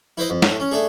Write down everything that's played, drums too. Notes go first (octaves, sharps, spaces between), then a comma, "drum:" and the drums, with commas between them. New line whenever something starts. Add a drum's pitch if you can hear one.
E4 B4 C5 D#5
F2
A2 A3, drum: snare
C#4
A3 D4 G#4